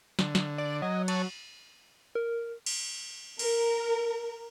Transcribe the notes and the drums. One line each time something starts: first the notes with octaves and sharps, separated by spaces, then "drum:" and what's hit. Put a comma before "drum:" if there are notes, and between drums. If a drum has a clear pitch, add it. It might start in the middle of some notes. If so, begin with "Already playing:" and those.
D3, drum: snare
drum: snare
D5
F#3 D#5
C#5 A5, drum: cymbal
A#4
drum: cymbal
A#4, drum: cymbal